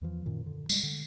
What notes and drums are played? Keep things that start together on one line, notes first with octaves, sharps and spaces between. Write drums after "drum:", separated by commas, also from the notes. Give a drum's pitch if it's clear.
E2 E3 F3
F#2 A#2 D#3
D3
G3 G#3, drum: tambourine
D3